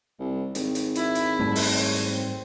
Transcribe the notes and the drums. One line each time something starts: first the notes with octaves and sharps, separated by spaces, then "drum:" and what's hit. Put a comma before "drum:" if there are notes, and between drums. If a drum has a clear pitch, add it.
C2
G#1, drum: hi-hat
drum: hi-hat
E4, drum: hi-hat
drum: hi-hat
G#2 G3 A3
drum: open hi-hat
C#5
drum: hi-hat
C4